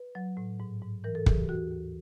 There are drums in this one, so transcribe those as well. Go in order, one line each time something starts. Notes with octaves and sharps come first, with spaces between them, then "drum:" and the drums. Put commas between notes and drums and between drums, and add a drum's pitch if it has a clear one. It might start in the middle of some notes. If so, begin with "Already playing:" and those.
Already playing: B4
F#3
A2
G#2
G#2
E3 A#4
A4
E3 G#4, drum: kick
G4
D#2 F#4
D#2